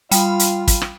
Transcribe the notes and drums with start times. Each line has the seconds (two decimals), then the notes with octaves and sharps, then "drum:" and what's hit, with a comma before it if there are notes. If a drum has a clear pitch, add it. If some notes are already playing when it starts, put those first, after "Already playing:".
0.11 G3 F4 G5 B5, drum: hi-hat
0.39 drum: hi-hat
0.68 drum: kick, hi-hat
0.82 drum: rim click